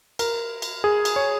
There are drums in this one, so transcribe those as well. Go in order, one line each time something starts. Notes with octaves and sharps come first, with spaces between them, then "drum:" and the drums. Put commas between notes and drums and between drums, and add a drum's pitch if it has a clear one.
A#4, drum: cymbal
drum: cymbal
G#4
drum: cymbal
C#5